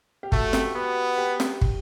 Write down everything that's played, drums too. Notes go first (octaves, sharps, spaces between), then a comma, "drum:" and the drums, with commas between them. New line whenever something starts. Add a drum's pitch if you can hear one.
G4
A3 F#4, drum: kick
G4, drum: snare
B3 F#4
G4
drum: snare
drum: kick